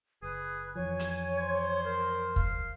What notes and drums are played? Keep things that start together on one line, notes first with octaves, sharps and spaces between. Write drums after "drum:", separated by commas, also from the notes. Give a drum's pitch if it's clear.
F#1 G#4 B4
F2 E3 F3 C#5 G#5
drum: hi-hat
C5
A#4
F5, drum: kick